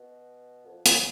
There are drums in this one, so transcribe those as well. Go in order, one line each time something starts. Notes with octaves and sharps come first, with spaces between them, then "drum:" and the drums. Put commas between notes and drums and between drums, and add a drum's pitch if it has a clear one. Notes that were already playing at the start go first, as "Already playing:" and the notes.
Already playing: B2
F2
F#2, drum: hi-hat